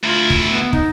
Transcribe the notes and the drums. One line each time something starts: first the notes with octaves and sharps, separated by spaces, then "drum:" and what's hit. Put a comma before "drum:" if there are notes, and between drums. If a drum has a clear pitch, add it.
D2 E4 F4
drum: kick
B3
D#4, drum: kick